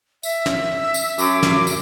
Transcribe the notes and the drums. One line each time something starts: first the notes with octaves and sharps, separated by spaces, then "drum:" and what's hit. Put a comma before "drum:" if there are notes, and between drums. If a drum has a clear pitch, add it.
E5, drum: tambourine
drum: snare
E6
drum: tambourine
F#2 D6, drum: tambourine
drum: snare
drum: tambourine